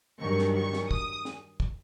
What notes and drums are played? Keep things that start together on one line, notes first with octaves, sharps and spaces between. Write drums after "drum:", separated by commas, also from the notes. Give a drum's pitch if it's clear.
G2 D#3 F#3 C#6
drum: snare
C#6
drum: snare
D#6, drum: kick
drum: snare
drum: kick